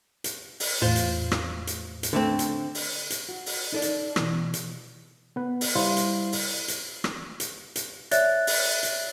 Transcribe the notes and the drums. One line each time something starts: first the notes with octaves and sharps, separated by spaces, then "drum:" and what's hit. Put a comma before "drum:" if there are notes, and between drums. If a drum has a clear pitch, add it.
drum: hi-hat
drum: open hi-hat
E2 A2 F4 C5
drum: hi-hat
drum: rim click
drum: hi-hat
drum: hi-hat
D3 A3 C4
drum: hi-hat
drum: open hi-hat
drum: hi-hat
F#4
drum: open hi-hat
D#4 A4 D5
drum: hi-hat
B2 E3, drum: rim click
drum: hi-hat
B3 B4
drum: open hi-hat
G3 E4 C5 F5 C6
drum: hi-hat
drum: open hi-hat
drum: hi-hat
drum: rim click
drum: hi-hat
drum: hi-hat
C#5 D5 E5 F#6 A6, drum: hi-hat
drum: open hi-hat
drum: hi-hat